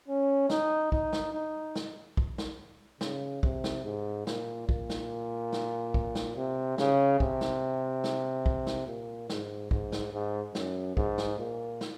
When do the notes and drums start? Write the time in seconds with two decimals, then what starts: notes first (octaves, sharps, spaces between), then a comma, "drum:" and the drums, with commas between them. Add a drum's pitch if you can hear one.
0.08 C#4
0.50 D#4, drum: snare
0.92 D#4, drum: kick
1.13 drum: snare
1.34 D#4
1.76 drum: snare
2.17 drum: kick
2.38 drum: snare
3.01 C#3, drum: snare
3.43 C3, drum: kick
3.64 drum: snare
3.85 G#2
4.27 A#2, drum: snare
4.69 A#2, drum: kick
4.90 drum: snare
5.53 drum: snare
5.94 drum: kick
6.15 drum: snare
6.36 C3
6.78 C#3, drum: snare
7.20 C3, drum: kick
7.41 drum: snare
8.04 drum: snare
8.46 drum: kick
8.67 drum: snare
8.87 A#2
9.30 G#2, drum: snare
9.71 G#2, drum: kick
9.92 drum: snare
10.13 G#2
10.55 F#2, drum: snare
10.97 G#2, drum: kick
11.18 drum: snare
11.39 A#2
11.81 drum: snare